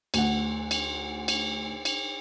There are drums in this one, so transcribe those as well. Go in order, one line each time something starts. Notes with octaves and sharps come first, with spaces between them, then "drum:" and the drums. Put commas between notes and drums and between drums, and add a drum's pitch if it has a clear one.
D2 F#5, drum: cymbal
drum: cymbal
drum: cymbal
drum: cymbal